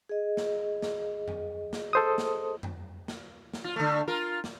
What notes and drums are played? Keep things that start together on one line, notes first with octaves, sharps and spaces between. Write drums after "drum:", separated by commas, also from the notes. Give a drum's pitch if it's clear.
G#4 D#5
drum: snare
drum: snare
drum: tom F2
drum: snare
A4 C5 D#6
drum: snare
drum: tom F2
drum: snare
drum: snare
F4
D3 A3
F4 A#4
drum: snare